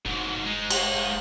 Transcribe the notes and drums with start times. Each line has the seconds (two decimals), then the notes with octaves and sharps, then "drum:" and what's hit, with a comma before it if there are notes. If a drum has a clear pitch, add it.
0.05 F1 G#2 F#3
0.46 G#3 D#4
0.70 drum: cymbal